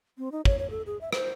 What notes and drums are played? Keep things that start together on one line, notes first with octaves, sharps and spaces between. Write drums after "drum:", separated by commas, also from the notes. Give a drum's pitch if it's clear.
C4
D#4
C#5, drum: kick
C#5
A4
G#4
E5
C5, drum: rim click